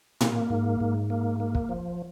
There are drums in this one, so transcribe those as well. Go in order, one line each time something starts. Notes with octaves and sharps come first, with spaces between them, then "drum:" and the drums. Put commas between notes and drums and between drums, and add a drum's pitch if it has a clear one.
A#3, drum: tom A2
G#2
G#2
A#3
A#3
drum: kick
F3